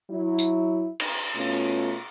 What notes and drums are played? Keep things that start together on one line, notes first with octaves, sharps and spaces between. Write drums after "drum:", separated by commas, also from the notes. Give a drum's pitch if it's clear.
F#3 E4
drum: tambourine
drum: cymbal
B2 A3 C#4 F4